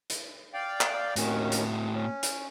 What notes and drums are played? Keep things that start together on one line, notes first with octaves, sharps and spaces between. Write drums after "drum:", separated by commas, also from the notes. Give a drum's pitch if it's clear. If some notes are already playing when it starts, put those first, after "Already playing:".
drum: hi-hat
D5 F5 G5
drum: clap
D#2 A2 D#3 C#4 F#4, drum: hi-hat
drum: hi-hat
C#4
drum: hi-hat